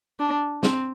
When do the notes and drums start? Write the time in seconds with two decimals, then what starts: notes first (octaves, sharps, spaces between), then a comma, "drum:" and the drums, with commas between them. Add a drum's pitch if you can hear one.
0.20 D4
0.63 C4, drum: snare